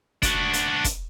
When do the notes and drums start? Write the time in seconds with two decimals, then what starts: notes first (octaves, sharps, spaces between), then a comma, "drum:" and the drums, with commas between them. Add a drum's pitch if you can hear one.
0.22 D4 F#4, drum: kick, hi-hat
0.53 drum: hi-hat
0.84 drum: kick, hi-hat